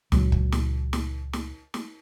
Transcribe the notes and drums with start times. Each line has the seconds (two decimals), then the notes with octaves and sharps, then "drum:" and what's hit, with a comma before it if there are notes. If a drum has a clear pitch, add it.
0.12 C#2 A#2 F#3, drum: snare
0.32 drum: kick
0.52 drum: snare
0.93 drum: snare
1.33 drum: snare
1.74 drum: snare